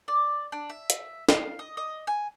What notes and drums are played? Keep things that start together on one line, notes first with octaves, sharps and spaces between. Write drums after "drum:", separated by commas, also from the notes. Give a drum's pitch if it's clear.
D5
D4
E5
drum: hi-hat
F5, drum: snare
D#5
D#5
G#5